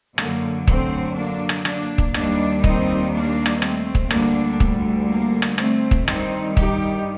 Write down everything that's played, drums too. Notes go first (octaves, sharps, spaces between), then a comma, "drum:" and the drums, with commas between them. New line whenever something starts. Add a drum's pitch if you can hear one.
F#2 D3 F#3 A#3, drum: rim click
A3 C4, drum: kick
A#3 D4
drum: rim click
A#3 D4, drum: rim click
drum: kick
D#2 D#3 G3 A#3 D4, drum: rim click
C4 D#4, drum: kick
A#3 D4
drum: rim click
A3 C4, drum: rim click
drum: kick
D2 D3 G3 A#3 D4, drum: rim click
drum: kick
A#3
drum: rim click
A3 C4, drum: rim click
drum: kick
G2 D#3 G3 C4 D#4, drum: rim click
D#4 G4, drum: kick